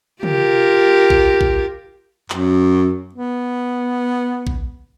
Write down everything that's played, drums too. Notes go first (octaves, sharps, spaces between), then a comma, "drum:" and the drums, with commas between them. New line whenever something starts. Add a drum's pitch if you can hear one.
F4 G4 A#4, drum: tom
drum: kick A#1
drum: kick A#1
F#2, drum: clap
B3
drum: kick A#1